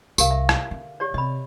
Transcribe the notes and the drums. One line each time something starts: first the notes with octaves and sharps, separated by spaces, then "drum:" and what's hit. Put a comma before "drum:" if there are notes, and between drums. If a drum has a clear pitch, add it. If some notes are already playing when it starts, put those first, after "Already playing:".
C2 G4 A#4 F5, drum: tambourine
E5
drum: rim click
D3
G4 C#5 D5
C3 D#5 B5